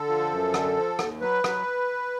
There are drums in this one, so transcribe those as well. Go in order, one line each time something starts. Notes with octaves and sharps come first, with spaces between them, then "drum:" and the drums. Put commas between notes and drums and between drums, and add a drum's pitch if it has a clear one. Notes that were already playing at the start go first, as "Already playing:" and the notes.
Already playing: D3 A4
F3
F#2
D3, drum: rim click
F3
D#2, drum: rim click
F#3 B4
F#3, drum: rim click